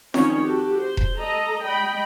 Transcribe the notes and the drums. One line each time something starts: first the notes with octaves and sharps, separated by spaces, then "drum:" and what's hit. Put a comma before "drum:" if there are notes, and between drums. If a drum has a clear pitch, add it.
D#3 F3 C4 C#4 D#4 C#5, drum: snare
F#4 G4 A4
C5
drum: kick E1
A4 D#5 A#5
D#5 G5 B5